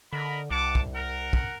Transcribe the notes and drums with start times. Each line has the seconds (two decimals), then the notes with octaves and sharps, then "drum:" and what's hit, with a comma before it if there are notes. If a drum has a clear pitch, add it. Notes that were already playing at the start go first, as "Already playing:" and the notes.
0.13 D3 A#4 D#5 B5
0.51 C2 F#5 A5 D6
0.75 drum: kick
0.95 A#4 F#5
1.33 drum: kick